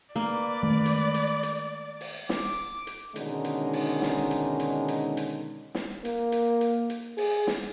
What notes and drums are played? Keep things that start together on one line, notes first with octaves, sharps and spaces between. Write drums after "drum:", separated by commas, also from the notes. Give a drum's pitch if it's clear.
A#3 B4 D5
D#3 G#3 A3
drum: hi-hat
drum: hi-hat
drum: hi-hat
drum: open hi-hat
D6, drum: snare
drum: hi-hat
B2 D3 D#3 G#3 C#4 D#4, drum: hi-hat
drum: hi-hat
drum: open hi-hat
drum: snare
drum: hi-hat
drum: hi-hat
drum: hi-hat
drum: hi-hat
drum: snare
A#3, drum: hi-hat
drum: hi-hat
drum: hi-hat
drum: hi-hat
G#4, drum: open hi-hat
drum: snare